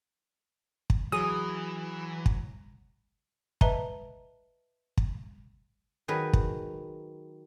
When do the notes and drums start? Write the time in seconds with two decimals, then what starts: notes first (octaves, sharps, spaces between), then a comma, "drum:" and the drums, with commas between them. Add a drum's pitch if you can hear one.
0.90 drum: kick
1.12 E3 F#3 G#4 D#6
2.26 drum: kick
3.61 B4 D#5 E5 A5 A#5, drum: kick
4.97 drum: kick
6.08 D#3 F#3 G#4 B4
6.33 drum: kick